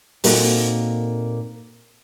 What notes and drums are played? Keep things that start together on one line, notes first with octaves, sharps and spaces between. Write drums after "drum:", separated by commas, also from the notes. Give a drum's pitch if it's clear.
A#2 A#3 C4 D#4 F#4 A4, drum: open hi-hat